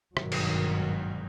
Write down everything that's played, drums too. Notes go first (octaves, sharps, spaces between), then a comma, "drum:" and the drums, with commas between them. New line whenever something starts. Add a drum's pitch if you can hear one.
G#1 G2 B2 D#3 F#3, drum: rim click
drum: cymbal